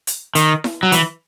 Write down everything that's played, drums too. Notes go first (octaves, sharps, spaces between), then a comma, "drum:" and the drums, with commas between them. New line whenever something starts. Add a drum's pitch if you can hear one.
drum: hi-hat
D#3, drum: hi-hat
drum: snare E4
F#3
E3, drum: hi-hat